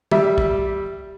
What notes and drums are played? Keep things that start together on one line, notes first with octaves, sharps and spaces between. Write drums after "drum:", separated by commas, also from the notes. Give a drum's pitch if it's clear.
G3 E5, drum: tom
drum: kick